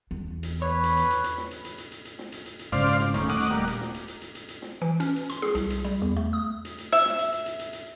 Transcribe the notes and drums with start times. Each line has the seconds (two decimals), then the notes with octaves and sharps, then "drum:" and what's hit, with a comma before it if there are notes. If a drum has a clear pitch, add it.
0.11 E2
0.43 drum: hi-hat
0.62 B4 C#5
0.83 drum: hi-hat
0.97 drum: hi-hat
1.11 drum: hi-hat
1.24 drum: hi-hat
1.38 drum: snare
1.51 drum: hi-hat
1.65 drum: hi-hat
1.78 drum: hi-hat
1.92 drum: hi-hat
2.05 drum: hi-hat
2.19 drum: snare
2.32 drum: hi-hat
2.46 drum: hi-hat
2.59 drum: hi-hat
2.72 G#2 C#3 C5 D5 F5, drum: hi-hat
2.86 drum: hi-hat
3.00 drum: snare
3.14 D#1 D#3 A3 C#4, drum: hi-hat
3.29 D#5 F#5 D6, drum: hi-hat
3.40 drum: hi-hat
3.51 G3 A#3
3.67 drum: hi-hat
3.81 drum: snare
3.94 drum: hi-hat
4.08 drum: hi-hat
4.21 drum: hi-hat
4.35 drum: hi-hat
4.48 drum: hi-hat
4.62 drum: snare
4.82 E3
5.00 C#4, drum: hi-hat
5.16 drum: hi-hat
5.30 C6, drum: hi-hat
5.42 G#4, drum: snare
5.55 C2, drum: hi-hat
5.70 drum: hi-hat
5.85 G3, drum: hi-hat
6.02 E2
6.17 A3
6.33 D#6
6.65 drum: hi-hat
6.78 drum: hi-hat
6.93 E5, drum: hi-hat
7.05 drum: snare
7.19 drum: hi-hat
7.32 drum: hi-hat
7.46 drum: hi-hat
7.59 drum: hi-hat
7.73 drum: hi-hat